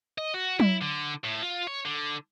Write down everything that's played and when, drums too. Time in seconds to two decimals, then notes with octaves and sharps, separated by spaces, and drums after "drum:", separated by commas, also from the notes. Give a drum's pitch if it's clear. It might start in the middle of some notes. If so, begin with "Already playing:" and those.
0.18 D#5
0.34 F#4
0.60 E4, drum: tom F#3
0.82 D3
1.24 A2
1.43 F4
1.67 C#5
1.85 D3